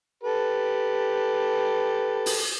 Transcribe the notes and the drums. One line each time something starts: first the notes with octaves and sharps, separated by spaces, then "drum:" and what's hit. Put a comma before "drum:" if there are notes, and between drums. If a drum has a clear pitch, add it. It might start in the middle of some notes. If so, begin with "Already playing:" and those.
G4 A4 B4
drum: open hi-hat